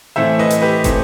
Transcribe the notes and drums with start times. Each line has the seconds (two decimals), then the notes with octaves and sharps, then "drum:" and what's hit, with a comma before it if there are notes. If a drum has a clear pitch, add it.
0.16 A2 E3 A3 C4 C5 E5
0.39 B4 D#5
0.50 drum: hi-hat
0.62 G4 B4
0.84 A2 E3 A3 C4, drum: kick, hi-hat